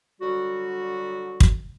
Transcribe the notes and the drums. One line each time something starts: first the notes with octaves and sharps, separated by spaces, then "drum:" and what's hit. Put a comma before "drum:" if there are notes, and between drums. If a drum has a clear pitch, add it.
D3 F#3 G3 F#4
drum: kick